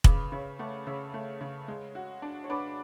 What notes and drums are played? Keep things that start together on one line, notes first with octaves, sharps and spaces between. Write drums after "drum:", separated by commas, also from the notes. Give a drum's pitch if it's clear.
C#3 B4 D5, drum: kick
C#3 C#5 E5
A3 D5 F#5
C#3 C#5 E5
A3
C#3
G#3
F#4
D4
C#5
D4 B4 D5